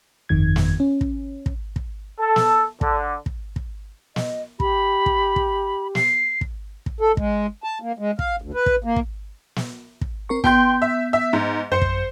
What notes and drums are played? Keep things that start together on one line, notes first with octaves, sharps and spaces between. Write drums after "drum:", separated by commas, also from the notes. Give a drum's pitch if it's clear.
G1 F2 D#3 G#6
drum: snare
C#4
drum: kick
drum: kick
drum: kick
A4
drum: snare
D3, drum: kick
drum: kick
drum: kick
D#5, drum: snare
G4 B5, drum: kick
drum: kick
drum: kick
C7, drum: snare
drum: kick
drum: kick
A4
G#3, drum: kick
A5
A#3
G#3
F5, drum: kick
D2
B4
drum: kick
A#3
drum: kick
drum: snare
drum: kick
C4 A#4 C#6
B3 G5 C6 G6, drum: kick
E5
E5
G#2
F#2 C5 C#7
drum: kick